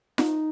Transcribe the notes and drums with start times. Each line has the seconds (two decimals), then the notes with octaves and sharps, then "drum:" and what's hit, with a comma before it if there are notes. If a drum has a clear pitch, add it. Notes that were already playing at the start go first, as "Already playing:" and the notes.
0.18 D#4, drum: snare F4